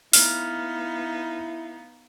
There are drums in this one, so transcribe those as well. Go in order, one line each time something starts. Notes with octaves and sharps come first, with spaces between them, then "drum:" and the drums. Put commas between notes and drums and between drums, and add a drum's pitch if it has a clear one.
B3 D#4 E4 F5 F6, drum: open hi-hat